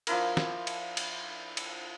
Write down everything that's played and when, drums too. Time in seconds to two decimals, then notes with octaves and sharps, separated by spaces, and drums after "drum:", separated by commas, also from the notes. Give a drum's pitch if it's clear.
0.07 F3 D4 E4 A#4, drum: cymbal
0.37 drum: snare
0.67 drum: cymbal
0.97 drum: cymbal
1.57 drum: cymbal